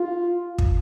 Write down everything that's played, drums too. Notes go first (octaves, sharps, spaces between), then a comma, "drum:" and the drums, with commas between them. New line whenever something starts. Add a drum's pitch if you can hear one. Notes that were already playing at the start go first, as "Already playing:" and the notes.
Already playing: F4
drum: kick